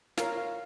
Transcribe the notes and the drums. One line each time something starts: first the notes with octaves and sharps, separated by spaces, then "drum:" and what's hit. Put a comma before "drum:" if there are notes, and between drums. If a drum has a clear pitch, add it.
F4 A#4 C#5 F5, drum: snare
F5